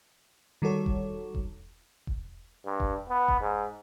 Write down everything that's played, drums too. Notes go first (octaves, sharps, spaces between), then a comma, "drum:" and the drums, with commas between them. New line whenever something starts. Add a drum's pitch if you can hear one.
D#3 G3 F#4 A4 C#5
drum: kick E1
drum: kick E1
drum: kick E1
G2
drum: kick E1
B3
drum: kick E1
G#2